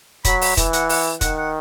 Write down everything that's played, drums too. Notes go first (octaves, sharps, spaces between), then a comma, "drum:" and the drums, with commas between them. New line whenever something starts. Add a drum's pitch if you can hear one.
F#3 B5, drum: kick, hi-hat
B5, drum: open hi-hat
E3, drum: kick, hi-hat
F#5, drum: hi-hat
F#5, drum: open hi-hat
D#3 F#5, drum: kick, hi-hat
F#5